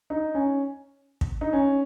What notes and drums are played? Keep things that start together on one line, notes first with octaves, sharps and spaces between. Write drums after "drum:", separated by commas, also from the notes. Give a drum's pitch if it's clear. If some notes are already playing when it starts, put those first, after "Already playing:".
D#4
C#4
drum: kick
D#4
C#4